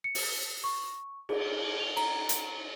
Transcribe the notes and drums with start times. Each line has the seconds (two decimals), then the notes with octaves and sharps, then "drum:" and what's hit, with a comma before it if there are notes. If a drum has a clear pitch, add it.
0.04 C#7
0.15 drum: open hi-hat
0.64 C#6
1.29 G#4, drum: cymbal
1.80 F7
1.97 A#5, drum: cymbal
2.29 drum: hi-hat